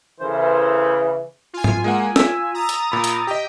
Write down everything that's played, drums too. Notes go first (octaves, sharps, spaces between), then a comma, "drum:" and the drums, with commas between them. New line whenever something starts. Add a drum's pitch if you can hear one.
C#3 E3 A4 A#4 C5
F4 G#5
drum: tom G#2
G#3 A#3 F#5
E6 B6, drum: snare
A#5 D#6 A6
drum: hi-hat
A#2 B5
drum: hi-hat
G4 D#5 G5